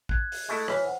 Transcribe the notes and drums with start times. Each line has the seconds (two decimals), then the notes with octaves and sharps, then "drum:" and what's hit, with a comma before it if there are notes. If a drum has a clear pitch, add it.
0.09 F#6 G#6, drum: kick
0.32 drum: open hi-hat
0.49 G#3 A3 E4
0.68 E3 C#5 F6 B6, drum: rim click
0.82 C5 F#5